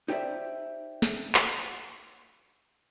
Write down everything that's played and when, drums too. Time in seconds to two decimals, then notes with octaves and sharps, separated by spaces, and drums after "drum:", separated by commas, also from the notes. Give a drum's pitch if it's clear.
0.08 D#4 G4 C5 D5 E5
1.02 drum: snare
1.35 drum: clap